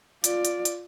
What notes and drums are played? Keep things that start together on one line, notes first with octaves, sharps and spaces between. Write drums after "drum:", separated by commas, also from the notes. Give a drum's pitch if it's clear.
F4 D5, drum: hi-hat
drum: hi-hat
drum: hi-hat